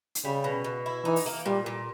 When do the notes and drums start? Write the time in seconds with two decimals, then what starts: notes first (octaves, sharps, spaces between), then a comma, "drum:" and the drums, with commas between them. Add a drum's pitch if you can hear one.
0.15 drum: hi-hat
0.25 C#3 G3
0.44 B2
0.64 B2
0.86 E4
1.05 E3 D#4
1.16 drum: open hi-hat
1.26 A#3
1.46 A#2 G3
1.66 A#2